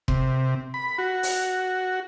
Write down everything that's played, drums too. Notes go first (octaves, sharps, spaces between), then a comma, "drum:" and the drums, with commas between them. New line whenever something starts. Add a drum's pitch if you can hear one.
C3, drum: kick F1
B5
F#4
drum: open hi-hat